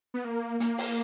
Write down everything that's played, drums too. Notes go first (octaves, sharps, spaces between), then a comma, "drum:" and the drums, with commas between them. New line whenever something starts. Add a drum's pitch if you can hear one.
B3
A#3
A#3, drum: hi-hat
drum: open hi-hat